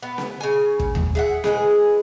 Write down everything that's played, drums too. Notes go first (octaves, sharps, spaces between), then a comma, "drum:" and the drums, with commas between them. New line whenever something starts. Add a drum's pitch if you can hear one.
B3
drum: snare C4
C#3 G#5
drum: kick
drum: tom D#2
G#4 E5 F#5
E3 G#3 G#4, drum: snare C4